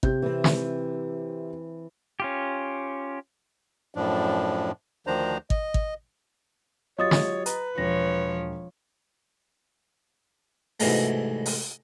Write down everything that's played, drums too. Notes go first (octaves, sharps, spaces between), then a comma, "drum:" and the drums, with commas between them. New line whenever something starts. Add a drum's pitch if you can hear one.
C3 G4 G6, drum: kick
E3 C4
drum: snare
C#4 F4 G4
F#2 A2 F3 D4
D2 D#3 F3 D4 C5 A#5
D#5, drum: kick
drum: kick
F#3 F4 G4 C#5 D#5 D#6 A6
drum: snare
B4 A#5, drum: hi-hat
E1 F3 C#5 A#6
C2 G#2 B2 E3 G#3 A3, drum: open hi-hat
drum: open hi-hat